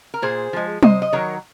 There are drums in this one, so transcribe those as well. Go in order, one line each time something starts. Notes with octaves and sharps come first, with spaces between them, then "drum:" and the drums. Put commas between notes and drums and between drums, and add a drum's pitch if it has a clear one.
A#4
A#2 G#4 C5
F3 G#3
C3 C5 D#5, drum: tom
D#5
D#3 F#3 A#4 C#5